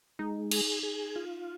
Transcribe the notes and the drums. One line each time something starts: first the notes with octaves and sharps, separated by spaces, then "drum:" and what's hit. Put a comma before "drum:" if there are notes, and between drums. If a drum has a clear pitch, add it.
G#3 D#4
G#4, drum: cymbal
G#4
F4